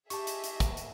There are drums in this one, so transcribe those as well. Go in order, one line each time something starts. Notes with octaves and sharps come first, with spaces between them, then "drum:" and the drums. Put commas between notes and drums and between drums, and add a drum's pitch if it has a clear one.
G4 G#4 D#5 E5 A5 C#6, drum: hi-hat
drum: hi-hat
drum: hi-hat
drum: kick, hi-hat
drum: hi-hat